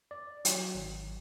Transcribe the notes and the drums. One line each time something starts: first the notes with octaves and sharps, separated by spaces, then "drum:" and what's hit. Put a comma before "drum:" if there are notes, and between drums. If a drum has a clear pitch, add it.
D5
F#3, drum: hi-hat
G#1